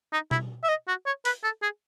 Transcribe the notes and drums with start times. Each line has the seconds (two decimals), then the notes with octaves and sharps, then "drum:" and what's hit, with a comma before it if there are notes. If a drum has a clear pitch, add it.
0.13 D#4
0.31 E4, drum: tom B2
0.63 E5
0.69 D#5
0.88 F#4
1.06 C#5
1.25 B4, drum: open hi-hat
1.43 A4
1.62 G#4